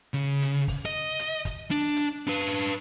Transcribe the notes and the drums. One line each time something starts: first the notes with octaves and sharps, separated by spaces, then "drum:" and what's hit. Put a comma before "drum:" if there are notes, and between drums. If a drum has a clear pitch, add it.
C#3, drum: hi-hat
drum: hi-hat
drum: kick, open hi-hat
D#5
drum: hi-hat
drum: kick, hi-hat
D4, drum: hi-hat
drum: hi-hat
D4 B4
drum: hi-hat